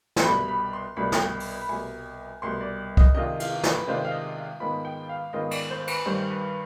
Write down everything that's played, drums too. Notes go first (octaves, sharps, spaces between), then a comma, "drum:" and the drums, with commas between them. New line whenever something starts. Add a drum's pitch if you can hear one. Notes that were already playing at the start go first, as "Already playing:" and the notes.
C6, drum: snare
C2 B2 G3 D4 B5
B5
C6
C2 B2 G3 D4 B5
drum: snare
drum: open hi-hat
B5
C2 B2 G3 G#5
C2 B2 G3 C6
D5
D#5, drum: kick C2
C3 D#3 G#3 D4 F4 D#5
F5, drum: cymbal
B4, drum: snare
C3 D#3 G#3 D4 F4 C5
F5
D#5
F5
G#2 D#3 G#3 B3 F4 B5
G5
F5
G#2 D#3 G#3 B3 F4 D#5
D5, drum: cymbal
C5
B4, drum: cymbal
G2 D#3 G3 C5
B4